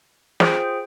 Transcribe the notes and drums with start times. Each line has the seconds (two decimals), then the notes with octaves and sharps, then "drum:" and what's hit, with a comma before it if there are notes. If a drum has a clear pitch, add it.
0.40 F4 G#4 C5 G5, drum: snare